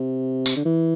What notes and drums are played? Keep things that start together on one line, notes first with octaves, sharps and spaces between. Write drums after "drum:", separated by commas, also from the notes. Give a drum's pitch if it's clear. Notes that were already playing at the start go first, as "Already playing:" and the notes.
Already playing: C3
drum: tambourine
D3
E3